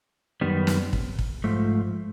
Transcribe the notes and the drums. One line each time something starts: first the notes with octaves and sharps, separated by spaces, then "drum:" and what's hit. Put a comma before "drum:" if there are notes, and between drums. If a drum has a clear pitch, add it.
F#2 D#3 G3 B3
drum: snare
drum: kick
drum: kick
G#2 F3 A3